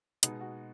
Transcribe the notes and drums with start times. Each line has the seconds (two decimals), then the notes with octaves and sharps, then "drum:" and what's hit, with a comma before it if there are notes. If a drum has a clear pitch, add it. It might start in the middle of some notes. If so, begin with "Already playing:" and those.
0.23 B2 G#3 B3 D#4, drum: hi-hat
0.41 F#4